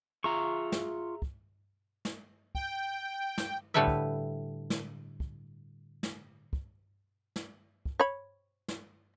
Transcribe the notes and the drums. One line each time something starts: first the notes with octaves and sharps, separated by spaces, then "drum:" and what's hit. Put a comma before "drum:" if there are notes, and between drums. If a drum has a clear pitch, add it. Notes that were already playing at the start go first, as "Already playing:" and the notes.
F4 G#4 E5 A#5 C#6
drum: snare
drum: kick
drum: snare
G5, drum: kick
drum: snare
A2 D3 G3 A3 B4 E5
drum: kick
drum: snare
drum: kick
drum: snare
drum: kick
drum: snare
drum: kick
C#5 B5
drum: snare